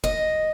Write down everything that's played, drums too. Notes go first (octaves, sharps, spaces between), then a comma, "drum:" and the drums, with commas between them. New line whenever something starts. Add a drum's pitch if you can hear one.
D#5, drum: kick